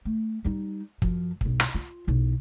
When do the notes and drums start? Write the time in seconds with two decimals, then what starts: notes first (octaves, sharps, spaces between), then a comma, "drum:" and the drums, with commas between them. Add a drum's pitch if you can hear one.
0.05 A3
0.44 G3 D#4
1.02 F#2 F3, drum: kick
1.41 B1 G2, drum: kick
1.60 drum: rim click
1.75 F4
2.07 B1 E2